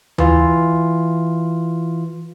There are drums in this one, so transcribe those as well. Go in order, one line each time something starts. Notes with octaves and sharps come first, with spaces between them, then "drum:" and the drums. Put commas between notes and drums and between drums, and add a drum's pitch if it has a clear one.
E3 F4, drum: tom D#2